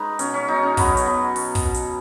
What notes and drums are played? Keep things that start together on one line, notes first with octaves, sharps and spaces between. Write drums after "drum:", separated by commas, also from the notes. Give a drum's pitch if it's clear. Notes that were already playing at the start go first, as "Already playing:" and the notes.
Already playing: G#3 D#4 B4 C#5
B2 C#4, drum: hi-hat
C#4
B2 D#4
C#4
F#3 B3, drum: kick, open hi-hat
drum: hi-hat
F#3 B3
B2, drum: open hi-hat
drum: kick, open hi-hat
B2
drum: hi-hat